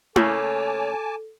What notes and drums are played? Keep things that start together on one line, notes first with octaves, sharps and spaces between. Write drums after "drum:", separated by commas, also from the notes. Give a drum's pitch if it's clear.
C#3 A3 A#3 A4 C#5 G#5 A5 D6, drum: tom E4